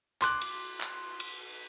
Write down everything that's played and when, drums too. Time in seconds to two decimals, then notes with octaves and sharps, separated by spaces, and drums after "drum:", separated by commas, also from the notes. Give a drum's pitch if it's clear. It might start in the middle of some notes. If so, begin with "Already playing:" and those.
0.22 C6 D6 F#6, drum: clap
0.41 drum: cymbal
0.81 drum: clap
1.20 drum: cymbal